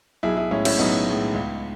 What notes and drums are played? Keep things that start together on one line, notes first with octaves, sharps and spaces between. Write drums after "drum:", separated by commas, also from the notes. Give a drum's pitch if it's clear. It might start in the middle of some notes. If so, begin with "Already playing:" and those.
B1 E4 G#4
E4 G#4
A2 G#3 C#4 E4
C#4 E4, drum: cymbal
B1 B3 D#4
A2 G#3
C#2